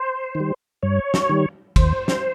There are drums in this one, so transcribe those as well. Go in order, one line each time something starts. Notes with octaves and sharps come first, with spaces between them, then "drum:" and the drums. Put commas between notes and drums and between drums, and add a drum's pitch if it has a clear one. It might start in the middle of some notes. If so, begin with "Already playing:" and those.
Already playing: C5
D#3
G3
G2 C#5
drum: snare
D#3 G3
D#2 C5, drum: kick, cymbal
drum: snare